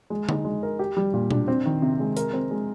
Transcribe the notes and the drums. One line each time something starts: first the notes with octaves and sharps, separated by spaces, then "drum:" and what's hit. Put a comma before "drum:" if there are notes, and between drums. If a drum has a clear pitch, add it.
G#3
D#4, drum: tom D3
G#3
A#4
G4
G3
A#2
D4, drum: tom B2
C4
D#3
C3
G#3
A#4, drum: hi-hat
C4
G#3